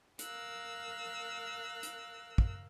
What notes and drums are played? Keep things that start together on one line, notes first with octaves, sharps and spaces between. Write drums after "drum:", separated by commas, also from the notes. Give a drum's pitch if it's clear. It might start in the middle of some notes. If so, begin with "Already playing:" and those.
A#4 F5 E6 F#6, drum: hi-hat
drum: hi-hat
drum: kick